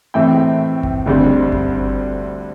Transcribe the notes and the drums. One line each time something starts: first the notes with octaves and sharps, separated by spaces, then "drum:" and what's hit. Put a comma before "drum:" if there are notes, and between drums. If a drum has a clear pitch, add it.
A2 E3 A3 C4 G5
drum: kick G1
D2 D3 G3 C4
drum: kick G1